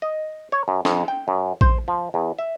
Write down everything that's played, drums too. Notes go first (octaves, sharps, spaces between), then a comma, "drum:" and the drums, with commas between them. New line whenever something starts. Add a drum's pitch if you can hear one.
D#5
C#5
F#2
F2, drum: snare
G5
F#2
C5, drum: kick A#1
F3
E2
E5